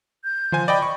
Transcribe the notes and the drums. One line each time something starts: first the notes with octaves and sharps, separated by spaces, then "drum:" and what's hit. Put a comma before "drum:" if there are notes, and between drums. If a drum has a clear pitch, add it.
G6
F3 C5 G#5, drum: tom C#3
D5 D#5 G5 B5
C#6